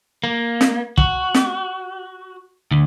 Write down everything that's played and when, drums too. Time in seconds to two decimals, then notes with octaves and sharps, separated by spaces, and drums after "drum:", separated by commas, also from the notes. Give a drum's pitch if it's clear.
0.24 A#3
0.61 drum: snare
0.98 F#4, drum: kick
1.34 drum: snare
2.71 D2